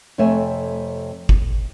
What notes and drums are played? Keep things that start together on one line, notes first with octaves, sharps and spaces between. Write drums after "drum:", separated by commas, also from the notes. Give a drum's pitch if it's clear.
F2 C3 A3 C#5 E5 G#5
drum: kick